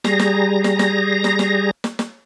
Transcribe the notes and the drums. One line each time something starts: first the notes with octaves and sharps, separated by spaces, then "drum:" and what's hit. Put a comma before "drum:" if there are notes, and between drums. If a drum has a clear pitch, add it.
G3 G#4 A#5 A#6, drum: snare
drum: snare
drum: snare
drum: snare
drum: snare
drum: snare
drum: snare
drum: snare